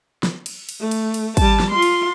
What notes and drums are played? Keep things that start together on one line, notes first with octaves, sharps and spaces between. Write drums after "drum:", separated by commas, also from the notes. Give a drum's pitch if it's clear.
drum: snare
drum: cymbal
drum: cymbal
A3
drum: cymbal
drum: cymbal
G3 A5, drum: kick, cymbal
drum: snare
F4 C6
drum: cymbal